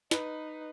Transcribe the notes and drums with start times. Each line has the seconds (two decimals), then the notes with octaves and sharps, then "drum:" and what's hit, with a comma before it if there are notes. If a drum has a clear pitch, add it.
0.11 D#4 B4, drum: snare